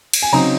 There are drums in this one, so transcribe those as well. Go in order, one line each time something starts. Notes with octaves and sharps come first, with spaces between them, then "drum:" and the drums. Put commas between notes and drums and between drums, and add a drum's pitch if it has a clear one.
drum: cymbal
G#5
C#3 F#3 C4 D#4 A#5